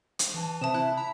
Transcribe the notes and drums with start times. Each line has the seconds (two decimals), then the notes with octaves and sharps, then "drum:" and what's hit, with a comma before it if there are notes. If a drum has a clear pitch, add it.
0.19 drum: hi-hat
0.34 E3 A5
0.61 C3 E5 A5 D#6 E7
0.74 E4 F#6
0.97 A#5 B5